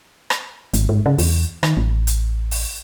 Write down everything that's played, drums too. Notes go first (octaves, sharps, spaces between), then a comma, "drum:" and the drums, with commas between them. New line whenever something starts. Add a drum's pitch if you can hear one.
drum: rim click
G#1, drum: hi-hat
G#2
C#3
E2, drum: open hi-hat
D#3, drum: rim click
A1
drum: hi-hat
drum: open hi-hat